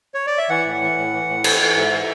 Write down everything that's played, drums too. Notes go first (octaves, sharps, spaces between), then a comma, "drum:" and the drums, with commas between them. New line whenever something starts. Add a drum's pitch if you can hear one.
C#5
D5
E5
E3 F#5
A2
E3
A2
E3
A2
E3, drum: cymbal
E3
G#2 E5
E3